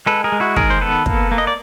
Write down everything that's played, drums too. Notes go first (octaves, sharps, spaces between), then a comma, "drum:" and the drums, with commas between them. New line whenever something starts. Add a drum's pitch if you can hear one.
G#3 A4 B4
G#4 A#4
G#3
E4 F#4
D#3 G#4 A#4, drum: kick
C5
B3 A4 B4
A#3, drum: kick
A#3
D#5
D5